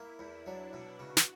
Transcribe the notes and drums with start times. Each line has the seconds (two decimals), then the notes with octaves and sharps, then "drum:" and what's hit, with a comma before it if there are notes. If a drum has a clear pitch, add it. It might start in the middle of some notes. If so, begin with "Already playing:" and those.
Already playing: A#3 E4
0.19 E2
0.46 F#3 D4
0.73 B2
0.98 C#3 F#4
1.17 drum: snare